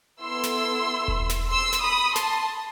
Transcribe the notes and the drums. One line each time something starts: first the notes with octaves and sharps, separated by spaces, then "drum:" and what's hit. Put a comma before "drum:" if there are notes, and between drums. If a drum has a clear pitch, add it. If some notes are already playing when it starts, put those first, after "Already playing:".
B3 E4 A4 C6 E6
drum: snare
drum: kick E1
drum: snare
C6 E6
drum: snare
B5 D#6
A5 C6, drum: snare